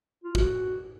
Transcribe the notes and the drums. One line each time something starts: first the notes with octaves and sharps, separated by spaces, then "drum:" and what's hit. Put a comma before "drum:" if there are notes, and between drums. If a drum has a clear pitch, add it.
F4
F#4, drum: kick